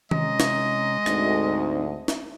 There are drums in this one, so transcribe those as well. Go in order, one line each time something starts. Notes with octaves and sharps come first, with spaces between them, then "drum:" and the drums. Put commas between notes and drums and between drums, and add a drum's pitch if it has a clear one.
C3 G#3 C#4 D#5 A#5, drum: tom D#3
drum: snare
D2 G#2 C4 D#4, drum: rim click
drum: snare